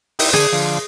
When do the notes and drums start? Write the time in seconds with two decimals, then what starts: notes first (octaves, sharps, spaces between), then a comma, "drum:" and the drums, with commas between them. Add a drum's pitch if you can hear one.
0.19 D#4 E4 G4, drum: open hi-hat
0.33 D3 G#4
0.52 D3 F3